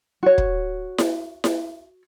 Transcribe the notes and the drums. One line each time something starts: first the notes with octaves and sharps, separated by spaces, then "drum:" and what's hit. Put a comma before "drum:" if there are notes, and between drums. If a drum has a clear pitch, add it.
F#4 C#5
drum: kick
drum: snare E4
drum: snare E4